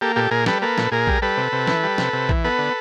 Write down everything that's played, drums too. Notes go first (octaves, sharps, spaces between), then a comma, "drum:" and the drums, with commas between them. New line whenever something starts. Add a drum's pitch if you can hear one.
A#3 G4 A4
A#2 G4 A4
A#2 G#4 A#4
G3 A4 B4, drum: snare
A#3 A4 B4
A#2, drum: snare
A#2 G#4 A#4
G3, drum: kick A#1
G3 A4 B4
C3
C3
E3, drum: snare
G3
C3, drum: snare
C3
E3, drum: kick A#1
B3 A4 B4
D3